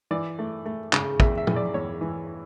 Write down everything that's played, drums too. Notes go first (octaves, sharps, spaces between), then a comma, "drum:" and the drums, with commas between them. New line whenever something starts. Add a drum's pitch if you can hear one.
E3 D5
A3
A3
C#3, drum: clap
E2 E5, drum: kick
E5
E3, drum: tom
D5
E2 C#5
E3